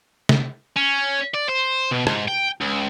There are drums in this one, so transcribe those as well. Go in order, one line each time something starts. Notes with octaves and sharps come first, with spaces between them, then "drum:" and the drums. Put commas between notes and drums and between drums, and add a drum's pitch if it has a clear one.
drum: snare C3
C#4
D5
C5
B2
G#2, drum: rim click
G5
C#2